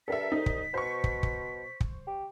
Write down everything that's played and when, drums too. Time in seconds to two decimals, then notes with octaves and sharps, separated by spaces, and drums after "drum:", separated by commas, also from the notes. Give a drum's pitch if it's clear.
0.08 G2 A4 A#4 E5 B6
0.32 C2 D#4
0.46 drum: kick
0.74 B2 C5 C#6
1.04 drum: kick
1.23 drum: kick
1.80 drum: kick
2.07 G4